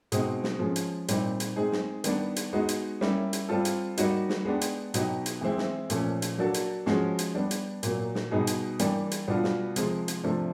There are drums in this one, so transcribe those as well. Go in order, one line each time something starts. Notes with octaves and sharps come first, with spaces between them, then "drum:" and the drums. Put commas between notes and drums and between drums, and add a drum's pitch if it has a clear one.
B2 G#3 C4 D#4, drum: hi-hat
drum: snare
F3 G#3 C#4
drum: hi-hat
A#2 G3 C4 D#4, drum: hi-hat
drum: hi-hat
G#3 C4 D#4 G#4
drum: snare
D#3 G3 B3 D4, drum: hi-hat
drum: hi-hat
G#3 B3 D#4 F#4
drum: hi-hat
G3 A#3 C#4 E4, drum: snare
drum: hi-hat
G3 C4 F4 A4
drum: hi-hat
G3 A#3 D#4 F#4, drum: hi-hat
drum: snare
G#3 B3 D4 G4
drum: hi-hat
B2 F#3 B3 D#4 G4, drum: hi-hat
drum: hi-hat
E3 G#3 C4 E4
drum: snare
A#2 F3 A3 C#4, drum: hi-hat
drum: hi-hat
F#3 A#3 D4 F#4 A4
drum: hi-hat
F3 G#3 C#4 F#4, drum: snare
drum: hi-hat
G3 B3 D4
drum: hi-hat
A#2 F#3 A#3, drum: hi-hat
drum: snare
B2 G3 B3 D#4 G#4
drum: hi-hat
E3 G3 A#3 D4 G4, drum: hi-hat
drum: hi-hat
B2 G3 B3 D4 F4
drum: snare
C3 F3 G#3, drum: hi-hat
drum: hi-hat
C3 F3 A3 D4